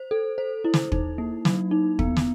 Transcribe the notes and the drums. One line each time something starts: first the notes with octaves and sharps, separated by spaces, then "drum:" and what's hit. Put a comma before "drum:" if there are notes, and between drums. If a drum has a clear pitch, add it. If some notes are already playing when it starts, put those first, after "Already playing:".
Already playing: C5
A4
C5
E4
drum: snare
D#4, drum: kick
A#3
F#3, drum: snare
D#4
B3, drum: kick
drum: snare